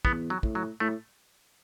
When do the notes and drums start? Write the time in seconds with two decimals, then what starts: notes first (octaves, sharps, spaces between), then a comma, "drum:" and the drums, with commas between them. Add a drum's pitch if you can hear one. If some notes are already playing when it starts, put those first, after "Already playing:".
0.05 E2 B3, drum: kick
0.30 F#3
0.43 A2, drum: kick
0.55 F#3
0.80 A2 A3